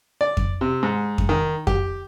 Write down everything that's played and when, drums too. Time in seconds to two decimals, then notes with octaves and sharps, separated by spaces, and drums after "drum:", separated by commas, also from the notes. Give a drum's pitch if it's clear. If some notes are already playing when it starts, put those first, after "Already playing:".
0.21 D5
0.37 drum: kick F2
0.61 C3
0.83 G#2
1.18 drum: kick F2
1.29 D#3
1.67 G4, drum: kick F2